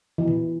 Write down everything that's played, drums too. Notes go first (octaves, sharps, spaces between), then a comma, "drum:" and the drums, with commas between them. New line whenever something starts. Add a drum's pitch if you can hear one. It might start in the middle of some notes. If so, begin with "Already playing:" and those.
E3
drum: tom A2